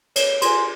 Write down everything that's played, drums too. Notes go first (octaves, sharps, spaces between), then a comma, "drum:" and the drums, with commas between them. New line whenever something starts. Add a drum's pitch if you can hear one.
C#5, drum: cymbal
G#5 C6, drum: cymbal